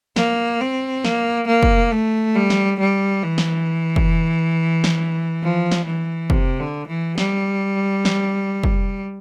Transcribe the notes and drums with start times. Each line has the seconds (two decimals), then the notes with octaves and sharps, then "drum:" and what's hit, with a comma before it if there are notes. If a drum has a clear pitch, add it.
0.16 A#3, drum: snare
0.60 C4
1.04 A#3, drum: snare
1.48 A#3
1.63 drum: kick
1.92 A3
2.35 G3
2.50 drum: snare
2.80 G3
3.23 E3
3.38 drum: snare
3.96 drum: kick
4.84 drum: snare
5.43 F3
5.71 drum: snare
5.85 E3
6.30 C3, drum: kick
6.60 D3
6.88 E3
7.18 G3, drum: snare
8.05 drum: snare
8.64 drum: kick